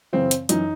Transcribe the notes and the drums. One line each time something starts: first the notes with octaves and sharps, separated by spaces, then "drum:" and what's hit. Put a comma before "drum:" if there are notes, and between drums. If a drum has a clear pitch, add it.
F#2 C#3 E3 C4
drum: hi-hat
F#2 E3 D#4, drum: hi-hat